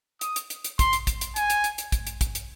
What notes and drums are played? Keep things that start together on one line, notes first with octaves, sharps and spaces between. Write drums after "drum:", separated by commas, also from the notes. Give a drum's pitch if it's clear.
D#6, drum: hi-hat
drum: hi-hat
drum: hi-hat
drum: hi-hat
C6, drum: kick, hi-hat
drum: hi-hat
drum: kick, hi-hat
drum: hi-hat
G#5, drum: hi-hat
drum: hi-hat
drum: hi-hat
drum: hi-hat
drum: kick, hi-hat
drum: hi-hat
drum: kick, hi-hat
drum: hi-hat